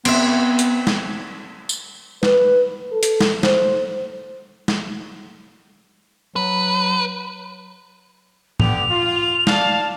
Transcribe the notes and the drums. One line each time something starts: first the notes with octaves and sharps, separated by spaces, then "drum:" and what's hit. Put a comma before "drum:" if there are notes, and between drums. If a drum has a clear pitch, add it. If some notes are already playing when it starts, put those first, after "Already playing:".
B3 C4 E5, drum: cymbal
drum: hi-hat
drum: snare
drum: tambourine
B4, drum: snare
A4
drum: hi-hat
drum: snare
C5, drum: snare
drum: snare
F#3 B4
D3 B3 G4 F7, drum: tom
F4
D5 F5 A5, drum: snare